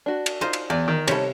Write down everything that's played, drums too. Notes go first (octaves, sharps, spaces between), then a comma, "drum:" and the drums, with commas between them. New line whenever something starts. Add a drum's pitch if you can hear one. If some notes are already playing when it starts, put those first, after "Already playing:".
D4 F#4
drum: cymbal
D#4 F4 C5
drum: cymbal
E2 D5
D#3
C3 G3 C#4 D#4 A4 C#5, drum: cymbal